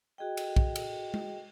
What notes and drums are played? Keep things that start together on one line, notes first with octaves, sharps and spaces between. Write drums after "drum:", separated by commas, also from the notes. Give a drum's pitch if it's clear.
F#4 G#4 D#5 G5
drum: cymbal
drum: kick
drum: cymbal
drum: tom G#3